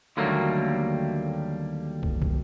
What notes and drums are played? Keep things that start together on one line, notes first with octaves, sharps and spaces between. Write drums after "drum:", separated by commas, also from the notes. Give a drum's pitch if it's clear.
D#2 D3 F#3 G3 A3 A#3
drum: kick
drum: kick